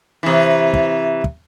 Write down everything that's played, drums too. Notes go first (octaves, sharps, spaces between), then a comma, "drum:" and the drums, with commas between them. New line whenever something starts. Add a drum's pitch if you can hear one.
C3 E3
drum: kick
drum: kick